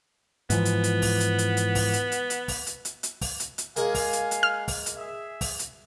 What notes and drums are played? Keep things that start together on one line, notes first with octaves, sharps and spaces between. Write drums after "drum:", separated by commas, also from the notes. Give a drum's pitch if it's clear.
G#2 E3 F3 B3, drum: hi-hat
drum: hi-hat
drum: hi-hat
drum: kick, open hi-hat
drum: hi-hat
drum: hi-hat
drum: hi-hat
drum: kick, open hi-hat
drum: hi-hat
drum: hi-hat
drum: hi-hat
drum: kick, open hi-hat
drum: hi-hat
drum: hi-hat
drum: hi-hat
drum: kick, open hi-hat
drum: hi-hat
drum: hi-hat
G#3 A#3 F5 G#5, drum: hi-hat
drum: kick, open hi-hat
drum: hi-hat
drum: hi-hat
F6
drum: kick, open hi-hat
drum: hi-hat
G#4 E5
drum: kick, open hi-hat
drum: hi-hat